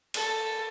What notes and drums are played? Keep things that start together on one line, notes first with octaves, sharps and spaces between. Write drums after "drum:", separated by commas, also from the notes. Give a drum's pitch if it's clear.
A4, drum: cymbal